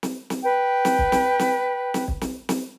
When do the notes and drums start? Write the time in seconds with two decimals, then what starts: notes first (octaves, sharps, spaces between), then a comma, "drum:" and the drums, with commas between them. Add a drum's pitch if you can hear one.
0.03 drum: snare
0.30 drum: snare
0.44 B4 G5
0.85 drum: snare
0.98 drum: kick
1.12 drum: snare
1.39 drum: snare
1.94 drum: snare
2.08 drum: kick
2.21 drum: snare
2.49 drum: snare